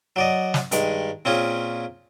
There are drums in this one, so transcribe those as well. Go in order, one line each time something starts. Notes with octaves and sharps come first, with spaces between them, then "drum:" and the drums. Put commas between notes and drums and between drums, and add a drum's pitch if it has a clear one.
F#3 D5 D#5
drum: snare
G2 D#3 G#3, drum: hi-hat
A#2 C4 C#4 F4 G#4